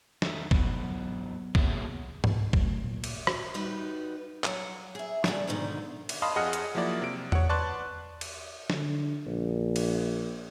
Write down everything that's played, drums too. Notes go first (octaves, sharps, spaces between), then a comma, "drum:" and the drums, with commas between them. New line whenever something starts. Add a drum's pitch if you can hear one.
E2 D#3 A4 E5, drum: snare
G#2 F#3 B3, drum: kick
A#3 B3 F#4 G#4 C#5 E5, drum: kick
C#2 G2 B2, drum: tom G#2
F#3 A3, drum: kick
A#2
drum: cymbal
drum: rim click
G3 D#4 F#4 B4
F#3 F#5, drum: clap
G#4 E5
D3 F#3 G3 D4 G#4 A4, drum: snare
G#2 B2 D3 D#3
drum: cymbal
D#5 F5 A5 B5 C6 D#6
F2 G#4 D#5 F#5 F6 C#7
drum: hi-hat
F3 F#3 A#3 E4 D5
C3 D7
C#5 F#5, drum: tom E2
B4 D5 A5 C6 C#6 F#6
drum: cymbal
D3, drum: snare
A#1
drum: cymbal